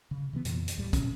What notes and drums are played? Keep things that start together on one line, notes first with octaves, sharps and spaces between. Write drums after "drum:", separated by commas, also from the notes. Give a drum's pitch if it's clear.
C#3
C3 E3 B3
F2 A#2 E3, drum: hi-hat
drum: hi-hat
D#2 A2 G3
B2 C#4, drum: kick, hi-hat